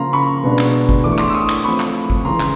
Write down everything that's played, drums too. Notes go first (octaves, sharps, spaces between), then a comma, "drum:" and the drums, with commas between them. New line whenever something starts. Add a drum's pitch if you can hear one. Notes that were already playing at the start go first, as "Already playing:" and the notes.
Already playing: C#3 F3 A#3 A#5 C6
B5 C#6
B2 G#3 B3 D4
drum: clap
drum: kick
E3 A3 D4 D6
C#6
C6 D6, drum: clap
E6
C#6 D#6
drum: clap
F3 A3 C4 B5 C#6
drum: clap
drum: kick
C#3 E3 G#3 A#5 C6
drum: clap